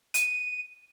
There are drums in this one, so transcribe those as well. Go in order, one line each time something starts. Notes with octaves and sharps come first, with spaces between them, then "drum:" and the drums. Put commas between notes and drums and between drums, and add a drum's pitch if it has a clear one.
D#7, drum: hi-hat